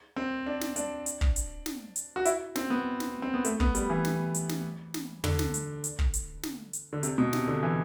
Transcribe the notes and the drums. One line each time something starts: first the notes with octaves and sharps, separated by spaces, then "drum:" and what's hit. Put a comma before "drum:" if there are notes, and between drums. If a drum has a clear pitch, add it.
C4
D4
drum: snare
D4, drum: hi-hat
drum: hi-hat
drum: kick
drum: hi-hat
drum: snare
drum: hi-hat
F#4
E4, drum: hi-hat
C4, drum: snare
B3
drum: snare
C4
B3
A3, drum: hi-hat
B3, drum: kick
G3, drum: hi-hat
E3
drum: snare
drum: hi-hat
drum: snare
drum: snare
D3, drum: tom
drum: snare
drum: hi-hat
drum: hi-hat
drum: kick
drum: hi-hat
drum: snare
drum: hi-hat
D3
C3, drum: hi-hat
B2
C3, drum: snare
D3
E3